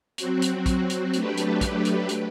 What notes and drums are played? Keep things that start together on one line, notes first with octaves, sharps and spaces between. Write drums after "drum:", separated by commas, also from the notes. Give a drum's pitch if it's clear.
F#3 C4 F#4, drum: hi-hat
drum: hi-hat
drum: kick, hi-hat
drum: hi-hat
F#3 A3 D4 G4 B4, drum: hi-hat
drum: hi-hat
drum: kick, hi-hat
drum: hi-hat
drum: hi-hat